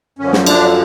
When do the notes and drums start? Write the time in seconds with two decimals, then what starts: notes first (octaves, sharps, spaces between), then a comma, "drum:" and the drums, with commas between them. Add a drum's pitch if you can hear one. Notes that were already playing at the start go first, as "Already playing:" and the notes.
0.19 F#2 D3 F3 C#4
0.33 drum: snare
0.46 D4, drum: cymbal